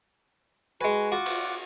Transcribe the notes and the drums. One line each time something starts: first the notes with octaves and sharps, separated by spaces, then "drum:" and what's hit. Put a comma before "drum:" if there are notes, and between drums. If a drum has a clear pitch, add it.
G#3 F#4 B4 G#5
F4 F#4 F#5 D6
drum: cymbal